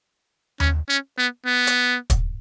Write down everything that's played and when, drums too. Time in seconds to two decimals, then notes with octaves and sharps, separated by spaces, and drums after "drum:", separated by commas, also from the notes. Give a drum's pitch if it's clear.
0.60 C#4, drum: tom D#2
0.89 C#4
1.18 B3
1.46 B3
1.67 drum: hi-hat
2.10 drum: kick, hi-hat